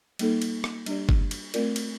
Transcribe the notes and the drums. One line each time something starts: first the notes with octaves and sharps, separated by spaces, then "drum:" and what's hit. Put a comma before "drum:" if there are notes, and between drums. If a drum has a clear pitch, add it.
G3 A#3 D#4 A4, drum: cymbal
drum: cymbal
drum: rim click
G3 D4 G4 D5, drum: cymbal
drum: kick G1
drum: cymbal
A3 C4 F4 A#4 D5, drum: cymbal
drum: cymbal